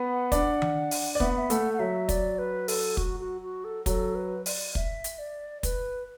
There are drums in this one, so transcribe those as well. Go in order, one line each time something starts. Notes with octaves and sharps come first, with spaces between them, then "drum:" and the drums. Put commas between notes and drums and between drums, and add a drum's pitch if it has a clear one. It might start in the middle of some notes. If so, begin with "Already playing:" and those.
Already playing: B3 B4
F#5
D4 D5, drum: kick, hi-hat
drum: tom D#3
drum: open hi-hat
D5
B3 B4 E5, drum: kick
F#5
E5
A3 A4 F#5, drum: hi-hat
F#5
F#3 E5
D5, drum: kick, hi-hat
B4
A4, drum: open hi-hat
F#4, drum: kick
F#4
F#4
A4
F#3 A4, drum: kick, hi-hat
B4
D5, drum: open hi-hat
E5, drum: kick
drum: hi-hat
D5
B4, drum: kick, hi-hat